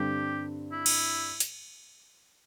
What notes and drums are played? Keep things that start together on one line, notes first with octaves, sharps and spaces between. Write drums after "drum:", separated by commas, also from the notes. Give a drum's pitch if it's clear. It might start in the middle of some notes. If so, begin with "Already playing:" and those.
Already playing: G2 D3 C4 G4
E4
drum: cymbal
drum: hi-hat